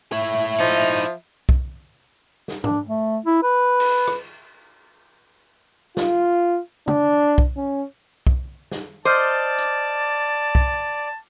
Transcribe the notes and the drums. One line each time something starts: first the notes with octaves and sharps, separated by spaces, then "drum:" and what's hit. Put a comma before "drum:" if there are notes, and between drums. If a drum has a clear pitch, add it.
E4 C#5 E5
F3 D#4
drum: kick
drum: snare
D4, drum: tom G#2
A3
E4
B4
drum: cymbal
drum: rim click
F4, drum: snare
D4, drum: tom
drum: kick
C#4
drum: kick
drum: snare
C5 D5 D#5 A5 D6 F6 G6
drum: hi-hat
drum: kick